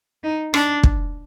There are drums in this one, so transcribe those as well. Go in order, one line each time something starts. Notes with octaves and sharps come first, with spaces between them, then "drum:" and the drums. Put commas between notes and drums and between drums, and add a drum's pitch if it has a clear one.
D#4
D4, drum: rim click
drum: kick